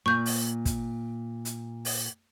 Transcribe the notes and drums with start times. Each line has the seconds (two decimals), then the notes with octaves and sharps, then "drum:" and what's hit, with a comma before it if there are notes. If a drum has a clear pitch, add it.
0.06 A#2 C#6 G6
0.26 drum: open hi-hat
0.65 drum: kick, hi-hat
1.45 drum: hi-hat
1.85 drum: open hi-hat